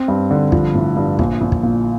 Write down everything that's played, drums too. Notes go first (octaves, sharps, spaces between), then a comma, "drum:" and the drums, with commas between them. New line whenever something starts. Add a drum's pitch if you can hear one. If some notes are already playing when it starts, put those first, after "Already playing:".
Already playing: C4
G2
D3
F3, drum: kick
A1
G2
A#1, drum: kick
A#1
drum: kick
A#2